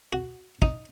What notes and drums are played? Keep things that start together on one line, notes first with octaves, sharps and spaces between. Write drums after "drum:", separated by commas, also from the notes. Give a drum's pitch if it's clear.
F#4
D#4, drum: kick